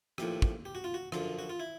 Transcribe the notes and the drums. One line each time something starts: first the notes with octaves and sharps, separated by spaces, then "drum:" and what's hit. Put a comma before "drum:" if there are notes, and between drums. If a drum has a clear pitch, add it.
A#1 A2 F3 G4, drum: rim click
drum: kick
G4
F#4
F4
F#4
F#2 D3 F3 F4, drum: rim click
F#4
F4
E4